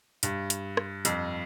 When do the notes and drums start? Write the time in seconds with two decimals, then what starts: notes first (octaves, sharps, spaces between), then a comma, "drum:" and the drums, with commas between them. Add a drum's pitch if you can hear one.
0.23 G2, drum: hi-hat
0.50 drum: hi-hat
0.77 drum: rim click
1.05 F2, drum: hi-hat